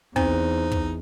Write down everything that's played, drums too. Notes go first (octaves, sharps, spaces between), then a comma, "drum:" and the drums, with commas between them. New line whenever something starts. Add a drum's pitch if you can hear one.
E2 C4 D#4 C5, drum: kick
drum: kick